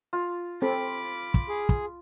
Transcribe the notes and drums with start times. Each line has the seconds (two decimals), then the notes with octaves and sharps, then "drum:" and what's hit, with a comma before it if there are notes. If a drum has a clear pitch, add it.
0.13 F4
0.62 C4 A4 B5 D6
1.34 drum: kick
1.49 G#4
1.69 drum: kick